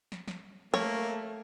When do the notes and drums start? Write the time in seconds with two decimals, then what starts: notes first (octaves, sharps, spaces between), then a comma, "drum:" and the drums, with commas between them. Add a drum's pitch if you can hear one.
0.12 drum: snare
0.28 drum: snare
0.74 A3 A#3 C#5, drum: snare